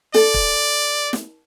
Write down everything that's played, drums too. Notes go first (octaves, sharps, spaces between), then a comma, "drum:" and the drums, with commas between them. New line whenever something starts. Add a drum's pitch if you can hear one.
A4 D5, drum: snare
drum: kick
drum: snare